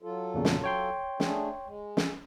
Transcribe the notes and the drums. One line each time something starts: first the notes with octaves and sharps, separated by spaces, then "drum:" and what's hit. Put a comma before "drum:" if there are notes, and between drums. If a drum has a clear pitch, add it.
F#3 F4 A4
E2 A#2 C#3
drum: snare
C#5 G5 C6
A3 D4 G#4, drum: snare
G#3
drum: snare